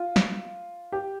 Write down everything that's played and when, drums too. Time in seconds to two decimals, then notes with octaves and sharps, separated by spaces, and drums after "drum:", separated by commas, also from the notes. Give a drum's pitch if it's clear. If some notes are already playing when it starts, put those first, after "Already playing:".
Already playing: F4
0.16 drum: snare
0.92 G4